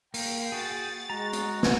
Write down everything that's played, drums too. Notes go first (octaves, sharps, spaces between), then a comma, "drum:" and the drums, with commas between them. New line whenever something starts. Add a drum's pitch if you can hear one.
A#3 G5, drum: open hi-hat
F#4 G#4 A6
G#3 F#4 A#5
drum: hi-hat
drum: snare